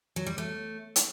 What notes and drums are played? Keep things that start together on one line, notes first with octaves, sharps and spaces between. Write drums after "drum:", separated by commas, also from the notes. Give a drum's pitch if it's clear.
F#3
G3
A3
drum: hi-hat